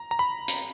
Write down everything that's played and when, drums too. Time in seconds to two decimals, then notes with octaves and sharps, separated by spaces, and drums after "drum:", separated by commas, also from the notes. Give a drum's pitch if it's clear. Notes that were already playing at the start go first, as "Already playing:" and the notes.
Already playing: A#5
0.11 A#5
0.19 B5
0.48 drum: hi-hat